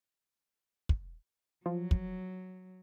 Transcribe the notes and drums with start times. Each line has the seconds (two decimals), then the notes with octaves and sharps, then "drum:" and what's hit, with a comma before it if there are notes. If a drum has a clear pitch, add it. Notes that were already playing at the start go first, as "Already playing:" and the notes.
0.89 drum: kick
1.66 F3 F#3
1.91 drum: kick